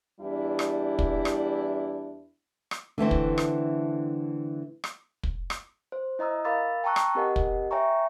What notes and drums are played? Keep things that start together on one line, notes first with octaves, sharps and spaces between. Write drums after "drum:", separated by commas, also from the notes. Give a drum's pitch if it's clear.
E2 G3 D4 E4
drum: rim click
drum: kick
drum: rim click
drum: rim click
D3 E3 A3 C4
drum: kick
drum: rim click
drum: rim click
drum: kick
drum: rim click
C5
E4 D#5 A#5 D#6 E6
A#4 F5 B5 D6 E6 A6
G5 A5 A#5 C#6 E6 F#6
drum: rim click
C4 G4 A#4 D#5 F#5 G#5
drum: kick
C#5 E5 G5 G#5 A#5 C#6